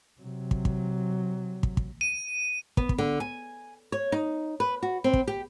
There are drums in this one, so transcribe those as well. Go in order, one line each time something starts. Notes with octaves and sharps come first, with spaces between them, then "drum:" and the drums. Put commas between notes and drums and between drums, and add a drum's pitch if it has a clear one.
C3 F#3
drum: kick
drum: kick
drum: kick
drum: kick
D#7
B3, drum: kick
drum: kick
D3
G#5
C#5
D#4
B4
F#4
C4
drum: kick
G4